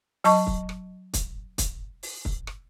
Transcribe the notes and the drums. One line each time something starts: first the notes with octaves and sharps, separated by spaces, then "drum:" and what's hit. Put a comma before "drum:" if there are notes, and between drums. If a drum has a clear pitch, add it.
F#3 D#5 A5 C#6, drum: open hi-hat
drum: kick
drum: rim click
drum: kick, hi-hat
drum: kick, hi-hat
drum: open hi-hat
drum: kick
drum: rim click